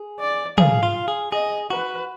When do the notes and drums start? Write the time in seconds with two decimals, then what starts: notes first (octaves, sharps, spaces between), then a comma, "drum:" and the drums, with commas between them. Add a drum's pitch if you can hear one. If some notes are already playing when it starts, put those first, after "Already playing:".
Already playing: G#4
0.20 D5
0.58 G#4 F5, drum: tom
0.83 F4
1.08 G#4
1.32 G#4 D#5
1.70 F#4 B4